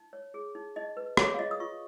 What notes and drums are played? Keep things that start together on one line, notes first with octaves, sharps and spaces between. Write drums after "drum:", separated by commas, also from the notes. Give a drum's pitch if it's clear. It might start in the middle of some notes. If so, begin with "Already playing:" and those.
Already playing: D#4
C#5
G#4
D#4
D#4 D#5
B4
G#4 C#5, drum: rim click
F5
F4 D#5
D#6
F4 C#6